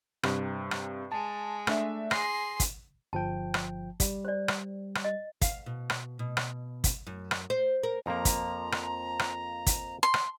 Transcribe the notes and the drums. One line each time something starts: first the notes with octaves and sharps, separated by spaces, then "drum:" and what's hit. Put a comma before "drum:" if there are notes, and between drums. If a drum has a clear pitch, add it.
G2 C3, drum: rim click
drum: rim click
G#3 A5
A3 D4 E5, drum: rim click
G#4 C6 A#6, drum: rim click
drum: kick, hi-hat
G1 F3 G5 A5
drum: rim click
G3, drum: kick, hi-hat
C5 D5
drum: rim click
drum: rim click
D#5
F5, drum: kick, hi-hat
B2
drum: rim click
B2
drum: rim click
drum: kick, hi-hat
F#2
drum: rim click
C5
A#4
F2 F3 A#3 A#5
drum: kick, hi-hat
drum: rim click
drum: rim click
drum: kick, hi-hat
C6
drum: rim click